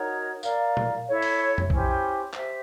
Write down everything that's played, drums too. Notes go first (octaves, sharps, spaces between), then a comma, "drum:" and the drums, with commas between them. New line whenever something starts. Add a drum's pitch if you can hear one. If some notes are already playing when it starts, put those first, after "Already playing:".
Already playing: D#4 F#4 A#4 C#5
A#4 D5 F5, drum: tambourine
drum: tom A#2
E4 A4 C#5
drum: open hi-hat
drum: tom F2
C#4 E4 G4 C5, drum: kick B1
G4 C5 E5, drum: clap